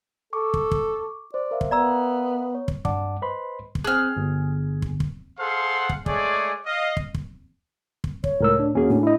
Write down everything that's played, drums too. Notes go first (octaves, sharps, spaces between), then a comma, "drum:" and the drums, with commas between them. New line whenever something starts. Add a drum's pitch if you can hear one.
A4 C#6 D6
drum: kick
drum: kick
C5 D5
A#4 E5 F5
drum: kick
B3 D5 A#5 E6
C#5
drum: kick
G2 D5 F#5 A5 D6, drum: kick
B4 C5 D#5 B5 C6
drum: kick
C4 G#4 F6 F#6
G1
drum: kick
drum: kick
G#4 A4 C5 F5 F#5 C6
drum: kick
G#3 A3 G#4 C#5 D5, drum: kick
D#5 F5
drum: kick
drum: kick
drum: kick
C#5, drum: kick
C#2 A2 A#4 E6
D4
D#2 A#3 C#4 F#4 G#4
A2 D4
E4 D#5